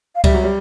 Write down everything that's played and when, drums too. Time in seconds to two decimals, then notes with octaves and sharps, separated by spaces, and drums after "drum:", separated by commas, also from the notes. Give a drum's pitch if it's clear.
0.15 F5
0.24 G3 E5, drum: kick C#2, cymbal
0.34 F#3
0.44 G3